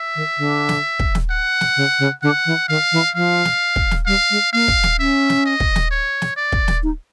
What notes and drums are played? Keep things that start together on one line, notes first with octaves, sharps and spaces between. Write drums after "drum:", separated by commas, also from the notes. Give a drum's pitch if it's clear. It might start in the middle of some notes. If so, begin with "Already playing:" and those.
Already playing: E5
D#3
D3
drum: snare
drum: kick
drum: snare
F#5
drum: snare
C#3
C#3
D3 F#5
E3
D#3 F5
E3
F3 F5
drum: snare
drum: kick
drum: snare
G3 F5
G#3
A#3 F5
drum: kick
drum: snare
C#4 E5
drum: snare
D#5
drum: kick
drum: snare
C#5
drum: snare
D5
drum: kick
drum: snare
D#4